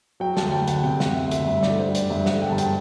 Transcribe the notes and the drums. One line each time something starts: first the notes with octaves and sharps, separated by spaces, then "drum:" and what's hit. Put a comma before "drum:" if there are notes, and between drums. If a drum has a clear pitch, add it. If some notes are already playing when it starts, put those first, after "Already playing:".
F#3 G5
D2 A5, drum: snare
G5
D2
F#5, drum: hi-hat
C3 G5
D2 F#5, drum: snare
E5
D2
E5, drum: hi-hat
G2 E5
D3 D5, drum: snare
C5
G3
D5, drum: hi-hat
G2 E5
D3 F#5, drum: snare
G5
A5
G2
G5, drum: hi-hat